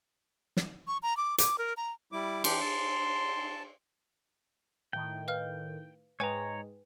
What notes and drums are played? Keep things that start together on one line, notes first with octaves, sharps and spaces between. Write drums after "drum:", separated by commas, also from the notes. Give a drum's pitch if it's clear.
drum: snare
C#6
A#5
D6
D6, drum: hi-hat
A#4
A#5
G3 E4 D6
E3 D4 G4 C6, drum: cymbal
A5
A2 D#3 G5
B4 F5 F6
G#2 G#3 B4 C#5 G5 G#5 A#5